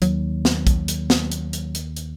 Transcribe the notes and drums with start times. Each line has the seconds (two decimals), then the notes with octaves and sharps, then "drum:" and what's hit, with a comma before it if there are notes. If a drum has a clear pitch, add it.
0.02 D#2 F#3, drum: hi-hat
0.45 drum: snare
0.67 drum: kick A#1, hi-hat
0.88 drum: hi-hat
1.10 drum: snare
1.32 drum: hi-hat
1.53 drum: hi-hat
1.75 drum: hi-hat
1.96 drum: hi-hat